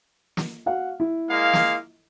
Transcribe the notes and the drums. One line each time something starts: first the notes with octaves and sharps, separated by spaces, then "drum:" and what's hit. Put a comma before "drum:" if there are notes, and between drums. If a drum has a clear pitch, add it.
drum: snare
F#4 F5 F#5
E4
G#3 A#3 F5
drum: snare